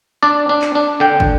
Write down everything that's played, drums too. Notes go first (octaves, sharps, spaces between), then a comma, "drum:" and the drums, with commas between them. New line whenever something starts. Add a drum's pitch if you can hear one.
D4 D5
D4
drum: clap
D4
D3 G5
drum: kick